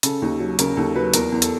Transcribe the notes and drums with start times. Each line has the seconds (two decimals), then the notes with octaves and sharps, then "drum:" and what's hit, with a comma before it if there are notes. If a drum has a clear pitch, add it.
0.03 C#3 A4, drum: hi-hat
0.22 D#2
0.40 F#3
0.59 C#3 A#4, drum: hi-hat
0.76 D#2 A4
0.95 F#3 B4
1.14 E2 A#4, drum: hi-hat
1.32 E2
1.42 A4, drum: hi-hat